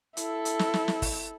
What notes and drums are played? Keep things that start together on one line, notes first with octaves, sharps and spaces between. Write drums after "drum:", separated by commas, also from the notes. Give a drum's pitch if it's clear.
E4 A4, drum: hi-hat
drum: hi-hat
drum: snare
drum: snare
drum: snare
drum: kick, open hi-hat